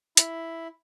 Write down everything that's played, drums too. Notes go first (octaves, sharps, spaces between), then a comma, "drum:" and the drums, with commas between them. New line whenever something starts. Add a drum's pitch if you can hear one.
E4, drum: hi-hat